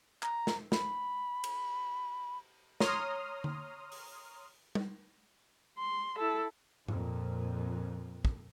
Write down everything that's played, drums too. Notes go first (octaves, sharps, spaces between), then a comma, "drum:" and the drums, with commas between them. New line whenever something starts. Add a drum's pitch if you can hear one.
A#5, drum: clap
drum: snare
B5, drum: snare
drum: cymbal
C#5 A#5 C6 D#6 F6, drum: snare
drum: tom D3
drum: open hi-hat
drum: tom G3
C6
E4 A4
F2 A#2, drum: tom G#2
drum: kick